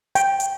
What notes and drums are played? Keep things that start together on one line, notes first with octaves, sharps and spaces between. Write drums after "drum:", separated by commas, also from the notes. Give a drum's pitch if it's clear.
G5, drum: hi-hat
drum: hi-hat